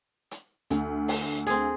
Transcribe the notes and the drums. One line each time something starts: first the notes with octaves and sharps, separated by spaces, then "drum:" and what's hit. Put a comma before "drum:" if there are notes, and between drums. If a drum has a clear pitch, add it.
drum: hi-hat
D2, drum: hi-hat
drum: open hi-hat
C4 G#4, drum: hi-hat